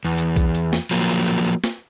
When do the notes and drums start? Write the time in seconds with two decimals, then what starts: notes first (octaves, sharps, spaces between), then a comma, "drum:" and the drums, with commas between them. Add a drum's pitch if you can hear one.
0.05 E2
0.18 drum: hi-hat
0.36 drum: kick B1, hi-hat
0.55 drum: hi-hat
0.73 drum: snare
0.91 F3 F#3 A#3, drum: hi-hat
1.09 drum: hi-hat
1.27 drum: hi-hat
1.45 drum: hi-hat
1.64 drum: snare